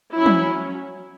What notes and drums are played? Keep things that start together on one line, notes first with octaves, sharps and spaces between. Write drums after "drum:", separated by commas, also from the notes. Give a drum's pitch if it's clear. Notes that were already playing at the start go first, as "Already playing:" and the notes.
F#3 C#4 E4
drum: tom